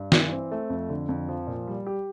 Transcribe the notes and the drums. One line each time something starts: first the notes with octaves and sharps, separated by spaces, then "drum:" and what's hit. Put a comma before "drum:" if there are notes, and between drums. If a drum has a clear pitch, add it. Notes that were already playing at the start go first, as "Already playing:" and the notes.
Already playing: G2
E3, drum: snare
C4
A3
F2
D3
F2
F3
A#2
G3
G4